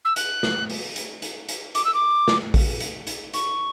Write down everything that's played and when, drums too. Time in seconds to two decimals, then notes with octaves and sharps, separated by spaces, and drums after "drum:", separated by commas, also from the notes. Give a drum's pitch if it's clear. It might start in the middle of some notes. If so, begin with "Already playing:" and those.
0.05 E6
0.16 F#6, drum: hi-hat
0.43 drum: snare
0.69 drum: open hi-hat
0.96 drum: hi-hat
1.22 drum: hi-hat
1.49 drum: hi-hat
1.75 D6, drum: hi-hat
1.85 E6
1.94 D6
2.28 drum: snare
2.54 drum: kick A1, open hi-hat
2.80 drum: hi-hat
3.07 drum: hi-hat
3.33 C#6, drum: hi-hat